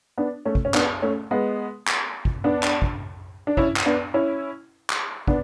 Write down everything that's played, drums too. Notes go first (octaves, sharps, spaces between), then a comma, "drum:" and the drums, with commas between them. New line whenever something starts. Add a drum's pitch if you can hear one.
B3 D4
A3 C#4
drum: kick
C#4
B3 D4, drum: clap
A3 C#4
G#3 B3
drum: clap
drum: kick
B3 D4
drum: clap
drum: kick
D4
C#4 E4, drum: kick
drum: clap
B3 D4
C#4 E4
drum: clap
B3 D4, drum: kick